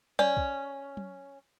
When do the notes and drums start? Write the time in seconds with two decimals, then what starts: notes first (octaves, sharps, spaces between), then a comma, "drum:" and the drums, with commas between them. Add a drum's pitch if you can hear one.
0.19 C#4 D5, drum: tom F#3
0.37 drum: kick
0.97 drum: tom F#3